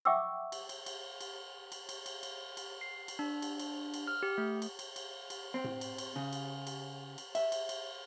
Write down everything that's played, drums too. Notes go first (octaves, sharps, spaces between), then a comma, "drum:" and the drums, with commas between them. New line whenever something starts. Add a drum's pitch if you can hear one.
E5 F#5 G5 C#6 D6 E6
drum: cymbal
drum: cymbal
drum: cymbal
drum: cymbal
drum: cymbal
drum: cymbal
drum: cymbal
drum: cymbal
drum: cymbal
C7
drum: cymbal
D4
drum: cymbal
drum: cymbal
drum: cymbal
F6
G4
A3
drum: cymbal
drum: cymbal
drum: cymbal
drum: cymbal
C4
drum: tom A2
drum: cymbal
drum: cymbal
C#3
drum: cymbal
drum: cymbal
drum: cymbal
E5, drum: cymbal
drum: cymbal
drum: cymbal